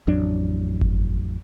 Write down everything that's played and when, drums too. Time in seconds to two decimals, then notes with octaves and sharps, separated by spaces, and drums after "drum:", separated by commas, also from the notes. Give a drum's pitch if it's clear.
0.07 A1 F2 F#3 D4
0.81 drum: kick G1